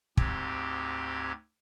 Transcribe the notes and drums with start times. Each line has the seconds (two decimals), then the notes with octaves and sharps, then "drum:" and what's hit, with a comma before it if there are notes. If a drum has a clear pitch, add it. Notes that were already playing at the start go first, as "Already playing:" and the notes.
0.17 D2 G#2 C4 G4 G#6, drum: kick